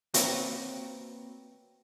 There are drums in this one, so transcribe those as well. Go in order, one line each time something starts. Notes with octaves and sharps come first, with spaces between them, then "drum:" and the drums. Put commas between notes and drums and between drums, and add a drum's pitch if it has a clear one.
A#3 C4 F#4 B4 C#5 D5, drum: hi-hat